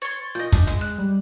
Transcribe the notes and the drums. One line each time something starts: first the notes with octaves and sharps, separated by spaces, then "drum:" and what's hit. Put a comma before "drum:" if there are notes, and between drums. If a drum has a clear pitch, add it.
C#5 C6 A6
A#2 D#5 G6
D4, drum: kick, hi-hat
G#3, drum: hi-hat
F#6
G3